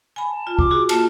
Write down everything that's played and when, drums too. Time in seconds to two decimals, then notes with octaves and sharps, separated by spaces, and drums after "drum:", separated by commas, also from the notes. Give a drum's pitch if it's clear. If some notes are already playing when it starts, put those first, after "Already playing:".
0.16 G#5 B5
0.30 A5
0.47 F4
0.59 D6, drum: kick
0.71 E4 F#4 G#4
0.89 A#3 F4 A5, drum: cymbal